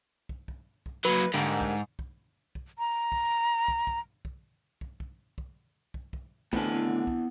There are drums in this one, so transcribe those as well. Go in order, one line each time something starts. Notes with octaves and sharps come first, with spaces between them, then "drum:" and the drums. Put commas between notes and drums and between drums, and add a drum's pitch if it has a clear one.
drum: kick
drum: kick
drum: kick
F#3 A#3 B4
G#2 D3 G3 A#3
drum: kick
drum: kick
drum: kick
A#5
drum: kick
drum: kick
drum: kick
drum: kick
drum: kick
drum: kick
drum: kick
drum: kick
drum: kick
A2 D3 E3 B3 C4 D4 G#5, drum: kick
drum: kick